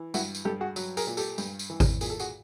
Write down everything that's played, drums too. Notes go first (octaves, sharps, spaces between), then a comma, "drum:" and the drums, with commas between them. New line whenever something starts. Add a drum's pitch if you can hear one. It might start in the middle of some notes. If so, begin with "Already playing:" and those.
Already playing: E3
G2 E4 F#4, drum: tambourine
drum: tambourine
G2 G4 A4
F#4 G#4
F#3, drum: tambourine
G#4 A#4, drum: tambourine
A#2
G4 A4, drum: tambourine
G2, drum: tambourine
drum: tambourine
E3
drum: kick G#1, tambourine
A#2 G#4, drum: tambourine
A4
F#4 G#4, drum: tambourine